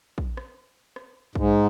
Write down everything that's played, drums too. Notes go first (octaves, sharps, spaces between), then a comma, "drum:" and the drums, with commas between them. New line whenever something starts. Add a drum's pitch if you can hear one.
drum: kick
drum: rim click
drum: rim click
G#2, drum: kick